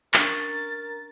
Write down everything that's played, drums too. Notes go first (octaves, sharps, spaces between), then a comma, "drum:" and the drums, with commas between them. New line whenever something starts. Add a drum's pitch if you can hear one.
C#4 D4 A#4 C#6 A6, drum: clap